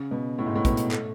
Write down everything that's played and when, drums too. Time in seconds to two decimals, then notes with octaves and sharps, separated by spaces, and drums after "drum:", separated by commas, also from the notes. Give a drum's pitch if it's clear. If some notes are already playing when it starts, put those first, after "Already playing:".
Already playing: C#3
0.11 B2
0.39 A2
0.46 G#2
0.56 A2
0.65 B2, drum: kick, hi-hat
0.77 drum: hi-hat
0.91 A3, drum: clap